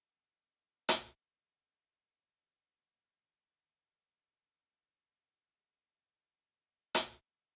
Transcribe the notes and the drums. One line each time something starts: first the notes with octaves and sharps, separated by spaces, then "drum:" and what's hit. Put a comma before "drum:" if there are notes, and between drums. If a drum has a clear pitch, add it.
G2 D#4 C#5 F5
drum: hi-hat
A2 E3 A#3
D3 D#3
B4 D5 C#6 B6
G4 G#4 D#5
drum: hi-hat